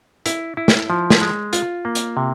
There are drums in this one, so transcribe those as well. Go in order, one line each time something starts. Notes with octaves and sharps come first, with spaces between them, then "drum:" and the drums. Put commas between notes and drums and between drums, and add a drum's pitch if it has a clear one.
E4, drum: hi-hat
E4
drum: snare
F3
drum: snare
G#3
F4, drum: hi-hat
A#3
drum: hi-hat
C3